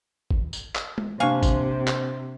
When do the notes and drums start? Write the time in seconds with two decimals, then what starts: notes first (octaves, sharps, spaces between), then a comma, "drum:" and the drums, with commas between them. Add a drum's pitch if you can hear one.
0.31 drum: kick G1
0.53 drum: tambourine
0.75 drum: clap
0.98 drum: tom
1.20 C3 A#3 D4 C5 F5 G#5 C#6
1.43 drum: kick G1, tambourine
1.87 drum: clap